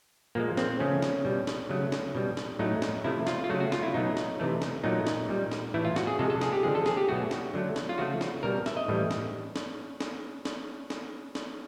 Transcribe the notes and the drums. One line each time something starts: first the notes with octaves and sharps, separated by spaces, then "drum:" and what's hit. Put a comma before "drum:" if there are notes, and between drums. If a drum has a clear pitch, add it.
A#2 F3 G#3 A#3
C4, drum: snare
C#3 F3 A3 C#4
drum: snare
B2 G3
drum: snare
C#3 F#3 A3
drum: snare
B2 G3
drum: snare
A2 F#3 A3 D#4
drum: snare
C3 F3 A3 E4
F4, drum: snare
F4
C#3 F#3 A3 F#4
F#4
F4, drum: snare
E4
B2 F#3 A3 D#4
drum: snare
C3 E3 A3
drum: snare
A#2 F#3 A3 D#4
drum: snare
A#2 G3
drum: snare
A2 E3 A3 E4
F4
F#4, drum: snare
G#4
C3 F3 G#3 A4
A4
G#4, drum: snare
G4
D3 F3 G#3 G#4
A4
G#4, drum: snare
G4
B2 F#3 A3 F#4
drum: snare
D3 F#3 A3
drum: snare
F4
C#3 F3 A3 F#4
drum: snare
B2 G3 A#4
E5, drum: snare
D#5
A2 E3 G3
drum: snare
drum: snare
drum: snare
drum: snare
drum: snare
drum: snare